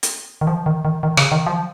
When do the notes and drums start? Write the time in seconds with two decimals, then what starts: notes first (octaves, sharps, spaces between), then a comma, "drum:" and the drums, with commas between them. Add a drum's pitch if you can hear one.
0.03 drum: hi-hat
0.41 D#3
0.47 F3
0.66 D#3
0.85 D#3
1.03 D#3
1.17 C#3, drum: rim click
1.32 D#3
1.47 F3